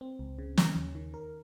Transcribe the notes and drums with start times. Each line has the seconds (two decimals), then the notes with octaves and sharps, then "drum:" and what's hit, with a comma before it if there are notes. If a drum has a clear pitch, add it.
0.01 C4
0.19 C#2
0.39 C#3
0.58 C#4, drum: snare
0.76 D#2
0.95 D#3
1.14 A#4